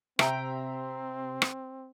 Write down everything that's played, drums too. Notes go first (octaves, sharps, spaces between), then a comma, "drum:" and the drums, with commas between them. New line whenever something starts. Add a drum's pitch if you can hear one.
C3 C4 E5 G5 A#5 C6, drum: rim click
drum: rim click